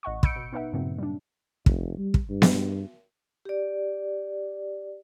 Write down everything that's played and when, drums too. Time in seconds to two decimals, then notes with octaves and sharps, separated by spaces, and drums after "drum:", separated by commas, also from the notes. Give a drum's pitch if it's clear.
0.03 A1 D#5 F#5 C#6
0.23 B5 E6 G6 C#7 D7, drum: kick
0.36 B2
0.53 B3 D#4 B4 E5 F#5
0.73 G2 A#2 C#3 F#3 A#3 C4
0.98 G3 D4
1.66 F1, drum: kick
1.98 G3
2.14 drum: kick
2.30 G2
2.42 drum: snare B3
3.45 G4 D5